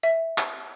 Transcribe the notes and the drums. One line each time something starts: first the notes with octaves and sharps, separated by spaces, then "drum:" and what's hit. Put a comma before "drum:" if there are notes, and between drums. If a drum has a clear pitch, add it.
E5
drum: clap